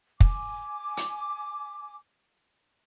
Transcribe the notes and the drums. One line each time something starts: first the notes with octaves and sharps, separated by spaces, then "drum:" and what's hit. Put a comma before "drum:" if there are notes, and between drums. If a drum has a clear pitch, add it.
G#5 D6, drum: kick
drum: hi-hat